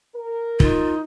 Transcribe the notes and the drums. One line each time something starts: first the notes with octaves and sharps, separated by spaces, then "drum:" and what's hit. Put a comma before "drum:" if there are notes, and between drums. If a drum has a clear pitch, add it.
A#4
D#4 F4, drum: kick